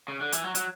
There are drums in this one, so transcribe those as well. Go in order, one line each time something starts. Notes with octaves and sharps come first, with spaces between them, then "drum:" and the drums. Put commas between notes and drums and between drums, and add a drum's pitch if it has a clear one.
C#3
D3
E3, drum: hi-hat
F#3
F#3, drum: hi-hat